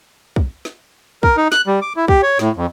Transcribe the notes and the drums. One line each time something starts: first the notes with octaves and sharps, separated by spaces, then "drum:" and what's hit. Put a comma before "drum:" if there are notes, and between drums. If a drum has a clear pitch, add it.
drum: kick
drum: snare
A#4, drum: kick
D#4
F#6, drum: snare
G3
D6
E4
G4, drum: kick
C#5
A2, drum: snare
F2